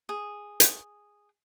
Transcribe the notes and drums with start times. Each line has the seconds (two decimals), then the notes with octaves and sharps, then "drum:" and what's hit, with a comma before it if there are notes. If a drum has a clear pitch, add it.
0.09 G#4
0.60 drum: hi-hat